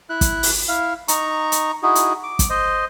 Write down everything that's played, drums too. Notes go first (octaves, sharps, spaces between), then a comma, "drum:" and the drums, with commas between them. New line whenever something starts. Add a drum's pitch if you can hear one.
E4 F#6
drum: kick, hi-hat
drum: open hi-hat
E4 F5
D#4 A#5 C#6, drum: hi-hat
drum: hi-hat
D#4 E4 F#4 G#4
drum: hi-hat
D6
drum: kick, hi-hat
C5 D#5